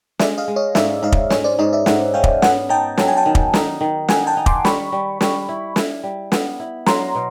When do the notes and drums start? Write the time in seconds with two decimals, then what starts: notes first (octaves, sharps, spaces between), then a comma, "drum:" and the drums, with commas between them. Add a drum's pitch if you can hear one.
0.19 G#3 D5 E5, drum: snare
0.38 D#5 F5
0.48 G#3
0.56 C#5 D#5
0.75 G#2 D5 E5, drum: snare
1.03 G#2 D#5 F5
1.12 drum: kick
1.30 C#4 C#5 D#5, drum: snare
1.44 C5 D5
1.59 G#2 C#5 D#5
1.73 D5 E5
1.86 G#2 E5 F#5, drum: snare
2.14 C#4 F5 G5
2.24 drum: kick
2.42 B3 F#5 G#5, drum: snare
2.69 D#4 G5 A5
2.98 F#3 A5, drum: snare
3.08 G#5
3.17 G5 A5
3.26 D#3
3.35 drum: kick
3.54 D#4, drum: snare
3.81 D#3
4.08 D#4 F#5 G#5, drum: snare
4.27 G5 A5
4.37 D#4
4.46 C6 D6, drum: kick
4.65 G3 B5 C#6, drum: snare
4.92 G3
5.21 G3, drum: snare
5.49 E4
5.76 E4, drum: snare
6.03 G3
6.32 B3, drum: snare
6.60 E4
6.86 F#3 A#5 C6, drum: snare
7.15 B2